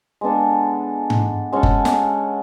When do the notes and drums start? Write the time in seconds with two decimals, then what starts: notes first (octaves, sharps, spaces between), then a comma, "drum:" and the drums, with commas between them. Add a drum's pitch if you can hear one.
0.21 G#3 B3 D4 A4
1.10 drum: tom G#2
1.52 G#3 C#4 F#4 A4
1.63 drum: kick F#1
1.85 drum: snare